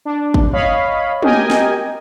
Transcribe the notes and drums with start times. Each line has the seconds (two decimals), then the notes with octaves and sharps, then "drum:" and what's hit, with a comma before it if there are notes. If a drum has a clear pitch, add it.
0.05 D4
0.34 drum: kick
0.53 C#5 D#5 F5 B5
1.22 G4 A#4 D#5 G5 G#5, drum: tom
1.50 drum: snare